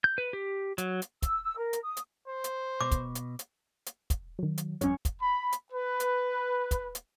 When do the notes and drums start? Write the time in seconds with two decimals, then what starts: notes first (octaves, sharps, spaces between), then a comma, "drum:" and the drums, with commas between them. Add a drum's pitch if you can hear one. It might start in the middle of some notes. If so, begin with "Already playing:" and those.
0.04 G6
0.18 B4
0.33 G4
0.78 F#3, drum: hi-hat
1.02 drum: hi-hat
1.23 E6, drum: kick, hi-hat
1.44 E6
1.57 A#4
1.73 drum: hi-hat
1.84 D#6
1.97 drum: hi-hat
2.28 C5
2.44 drum: hi-hat
2.81 B2 D6
2.92 drum: kick, hi-hat
3.15 drum: hi-hat
3.39 drum: hi-hat
3.86 drum: hi-hat
4.10 drum: kick, hi-hat
4.39 D#3 F#3
4.58 drum: hi-hat
4.81 G#1 F#2 C#4 C#5, drum: hi-hat
5.05 drum: kick, hi-hat
5.20 B5
5.52 drum: hi-hat
5.72 B4
6.00 drum: hi-hat
6.71 drum: kick, hi-hat
6.95 drum: hi-hat